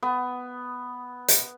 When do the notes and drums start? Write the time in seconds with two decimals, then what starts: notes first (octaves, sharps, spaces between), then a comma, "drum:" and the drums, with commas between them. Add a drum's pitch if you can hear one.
0.03 B3
1.28 drum: hi-hat